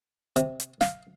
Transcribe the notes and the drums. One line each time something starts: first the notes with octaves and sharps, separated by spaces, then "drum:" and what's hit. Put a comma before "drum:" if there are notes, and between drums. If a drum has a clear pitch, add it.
C3, drum: hi-hat
drum: hi-hat
F5, drum: snare